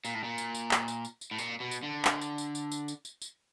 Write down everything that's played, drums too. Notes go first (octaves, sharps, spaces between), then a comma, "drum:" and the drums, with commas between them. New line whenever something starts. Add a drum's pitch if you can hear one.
A#2, drum: tambourine
A2
A#2
drum: tambourine
drum: tambourine
drum: clap
drum: tambourine
drum: tambourine
drum: tambourine
A2
A#2, drum: tambourine
B2
drum: tambourine
D3
drum: clap
drum: tambourine
drum: tambourine
drum: tambourine
drum: tambourine
drum: tambourine
drum: tambourine
drum: tambourine